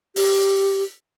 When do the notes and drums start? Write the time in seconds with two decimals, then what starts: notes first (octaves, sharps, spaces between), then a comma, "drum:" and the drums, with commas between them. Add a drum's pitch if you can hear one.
0.16 G4, drum: open hi-hat